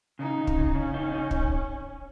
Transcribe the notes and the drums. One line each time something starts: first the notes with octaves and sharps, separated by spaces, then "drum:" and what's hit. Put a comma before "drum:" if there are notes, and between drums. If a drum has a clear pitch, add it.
C#3 D#4
C#3
drum: kick
C#3
C#3 C#4
D#4
D#4
drum: kick